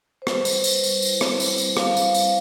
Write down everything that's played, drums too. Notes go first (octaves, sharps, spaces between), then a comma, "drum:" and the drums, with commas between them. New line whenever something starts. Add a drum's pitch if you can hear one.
C5
G3 B4, drum: rim click
G3, drum: tambourine
G3, drum: tambourine
G3, drum: tambourine
E4, drum: tambourine
C4, drum: rim click
C4, drum: tambourine
G3, drum: tambourine
G3 F5, drum: rim click
G3, drum: tambourine
G3, drum: tambourine